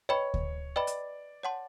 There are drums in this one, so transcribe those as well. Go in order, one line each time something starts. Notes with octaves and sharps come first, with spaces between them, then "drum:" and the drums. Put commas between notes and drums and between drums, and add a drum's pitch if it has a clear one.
B4 C#5 D#5 G5 B5
drum: kick D2
B4 D5 D#5 G5 B5
drum: hi-hat
C#5 F#5 A5 C6